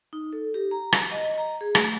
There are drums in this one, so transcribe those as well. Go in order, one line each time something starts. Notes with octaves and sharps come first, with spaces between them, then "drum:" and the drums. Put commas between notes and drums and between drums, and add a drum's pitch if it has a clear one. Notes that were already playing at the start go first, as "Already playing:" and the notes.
D#4
A4
G4
A#5
drum: rim click
D#5
A#5
G#4
A3, drum: rim click